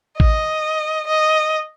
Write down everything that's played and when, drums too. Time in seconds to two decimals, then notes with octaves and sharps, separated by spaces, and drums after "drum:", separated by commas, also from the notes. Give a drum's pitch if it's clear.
0.20 D#5, drum: kick A1
1.07 D#5